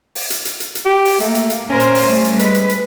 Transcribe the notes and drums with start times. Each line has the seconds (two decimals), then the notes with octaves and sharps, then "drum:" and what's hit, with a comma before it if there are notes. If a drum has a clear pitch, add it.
0.15 drum: open hi-hat
0.30 drum: hi-hat
0.45 drum: hi-hat
0.60 drum: hi-hat
0.75 drum: hi-hat
0.85 G4
1.05 drum: open hi-hat
1.20 A3 A#3, drum: hi-hat
1.35 drum: hi-hat
1.50 drum: hi-hat
1.69 A#2 C#4 A#4 C5
1.80 drum: hi-hat
1.95 drum: open hi-hat
2.06 G3 A3
2.25 drum: hi-hat
2.39 G#3 B4, drum: hi-hat
2.54 drum: hi-hat
2.69 drum: hi-hat